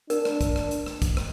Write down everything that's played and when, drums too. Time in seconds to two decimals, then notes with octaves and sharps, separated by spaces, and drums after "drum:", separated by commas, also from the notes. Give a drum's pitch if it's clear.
0.10 D4 A#4, drum: hi-hat
0.25 drum: rim click
0.41 drum: kick, hi-hat
0.56 drum: rim click
0.71 drum: hi-hat
0.86 drum: rim click
1.02 drum: kick, hi-hat
1.17 drum: rim click